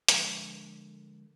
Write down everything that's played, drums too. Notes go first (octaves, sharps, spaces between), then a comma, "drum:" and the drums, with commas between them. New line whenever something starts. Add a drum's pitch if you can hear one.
D3 F3 G#3 A4 A#4, drum: hi-hat